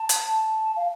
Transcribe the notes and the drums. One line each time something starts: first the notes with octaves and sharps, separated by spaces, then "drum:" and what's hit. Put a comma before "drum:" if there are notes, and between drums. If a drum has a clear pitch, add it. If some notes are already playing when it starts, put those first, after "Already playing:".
Already playing: A5
drum: hi-hat
F5